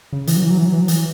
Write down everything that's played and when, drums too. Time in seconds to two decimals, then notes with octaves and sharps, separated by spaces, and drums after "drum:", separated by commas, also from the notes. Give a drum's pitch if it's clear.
0.13 C#3
0.27 E3, drum: hi-hat
0.36 F#3
0.43 E3
0.50 F#3
0.58 E3
0.65 F#3
0.73 E3
0.80 F#3
0.88 E3, drum: hi-hat